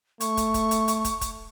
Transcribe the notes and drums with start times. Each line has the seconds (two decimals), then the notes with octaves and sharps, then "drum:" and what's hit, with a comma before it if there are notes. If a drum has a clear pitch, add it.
0.20 A3 C#6, drum: hi-hat
0.37 drum: kick, hi-hat
0.54 drum: kick, hi-hat
0.71 drum: hi-hat
0.88 drum: hi-hat
1.05 drum: kick, hi-hat
1.21 drum: kick, hi-hat